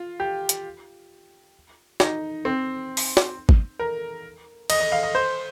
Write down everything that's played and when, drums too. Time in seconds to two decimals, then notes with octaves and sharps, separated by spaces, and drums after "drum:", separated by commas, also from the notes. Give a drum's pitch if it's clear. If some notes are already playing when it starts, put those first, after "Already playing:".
Already playing: F4
0.20 G4
0.49 drum: hi-hat
2.00 D#4, drum: snare
2.45 C4
2.97 drum: open hi-hat
3.17 drum: snare
3.49 drum: kick G#1
3.79 A#4
4.70 D#5, drum: cymbal
4.80 D#5
4.92 F5
5.03 D#5
5.15 C5